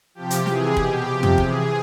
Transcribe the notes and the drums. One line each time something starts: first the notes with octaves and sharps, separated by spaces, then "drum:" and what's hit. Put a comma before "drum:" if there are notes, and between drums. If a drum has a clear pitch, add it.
C3 F3 G4
drum: hi-hat
C3 E3 G#4, drum: snare
B2 G4, drum: kick
C3 F3
drum: tom
C3 E3 G#4, drum: kick